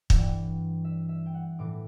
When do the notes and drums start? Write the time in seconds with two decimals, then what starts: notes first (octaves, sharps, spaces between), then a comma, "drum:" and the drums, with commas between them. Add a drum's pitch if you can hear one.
0.10 G2 E3 F#5, drum: kick
0.19 G5
0.28 F#5
0.85 E5
1.09 E5
1.26 G5
1.34 F#5
1.59 A2 E3 D6